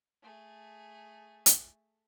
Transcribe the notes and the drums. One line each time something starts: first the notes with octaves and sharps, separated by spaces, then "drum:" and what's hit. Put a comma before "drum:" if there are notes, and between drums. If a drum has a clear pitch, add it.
A3 G#4
drum: hi-hat